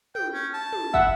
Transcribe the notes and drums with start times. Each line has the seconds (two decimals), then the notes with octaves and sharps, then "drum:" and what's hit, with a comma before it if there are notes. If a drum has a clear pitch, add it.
0.15 G5, drum: tom
0.34 C#4
0.54 A5
0.73 drum: tom
0.94 E5 F#5, drum: kick